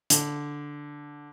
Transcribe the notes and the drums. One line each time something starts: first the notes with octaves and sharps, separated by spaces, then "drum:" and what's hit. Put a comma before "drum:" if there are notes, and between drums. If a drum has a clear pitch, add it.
D3, drum: hi-hat